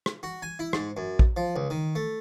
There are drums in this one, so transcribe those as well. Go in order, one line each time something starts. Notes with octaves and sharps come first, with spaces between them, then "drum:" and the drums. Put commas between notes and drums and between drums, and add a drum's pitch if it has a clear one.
drum: rim click
F#4
G#5
E4
G#2, drum: rim click
F#2
drum: kick A#1
F3
C#2
D#3
A3